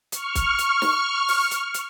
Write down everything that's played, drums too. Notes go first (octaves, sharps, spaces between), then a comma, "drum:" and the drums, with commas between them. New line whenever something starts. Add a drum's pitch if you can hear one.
C#6 F6, drum: hi-hat
drum: kick, hi-hat
drum: hi-hat
drum: snare
drum: open hi-hat
drum: hi-hat
drum: hi-hat